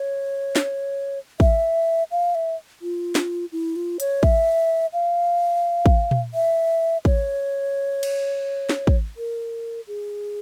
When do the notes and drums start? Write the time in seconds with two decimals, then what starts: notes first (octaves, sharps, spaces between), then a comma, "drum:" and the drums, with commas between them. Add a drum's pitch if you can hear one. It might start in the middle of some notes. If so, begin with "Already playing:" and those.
Already playing: C#5
0.56 drum: snare
1.40 E5, drum: kick
2.11 F5
2.35 E5
2.82 F4
3.15 drum: snare
3.52 E4
3.76 F4
4.00 C#5, drum: hi-hat
4.23 E5, drum: kick
4.93 F5
5.86 drum: kick
6.11 drum: tom A#2
6.34 E5
7.05 C#5, drum: kick
8.03 drum: cymbal
8.69 drum: snare
8.87 drum: kick
9.17 A#4
9.87 G#4